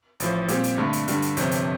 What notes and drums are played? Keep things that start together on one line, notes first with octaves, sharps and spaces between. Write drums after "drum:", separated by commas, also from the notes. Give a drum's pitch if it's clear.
A1 A2 F3, drum: hi-hat
A#2 G3 C4 G4, drum: hi-hat
drum: hi-hat
G2 D3 A3
drum: hi-hat
G2 D3 G3, drum: hi-hat
drum: hi-hat
G1 F2 C3, drum: hi-hat
drum: hi-hat